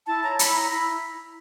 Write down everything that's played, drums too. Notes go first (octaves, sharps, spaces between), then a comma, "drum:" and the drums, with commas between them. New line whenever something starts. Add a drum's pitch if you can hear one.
E4 A5
C#5 A#5
E4 B5, drum: hi-hat
E4 A#5
E4 B5